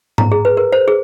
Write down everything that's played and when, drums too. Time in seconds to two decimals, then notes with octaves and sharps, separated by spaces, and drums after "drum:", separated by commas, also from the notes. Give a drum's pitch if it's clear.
0.18 A#5, drum: tom G#2
0.32 G#4
0.45 B4
0.57 A#4
0.72 C5
0.88 G#4